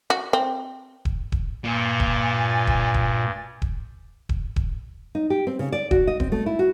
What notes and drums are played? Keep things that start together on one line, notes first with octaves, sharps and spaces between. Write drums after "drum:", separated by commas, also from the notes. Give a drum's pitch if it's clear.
F#4
C4
drum: kick D#1
drum: kick D#1
G2 A#2 G#5 A6
drum: kick D#1
drum: kick D#1
drum: kick D#1
drum: kick D#1
drum: kick D#1
drum: kick D#1
D#4
G4
C4
C#3
D5
F#4, drum: kick D#1
D#5
C4, drum: kick D#1
A3
E4
F#4